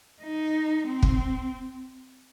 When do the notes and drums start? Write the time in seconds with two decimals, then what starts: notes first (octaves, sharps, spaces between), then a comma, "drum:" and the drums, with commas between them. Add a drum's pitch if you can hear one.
0.22 D#4
0.87 C4
1.03 drum: kick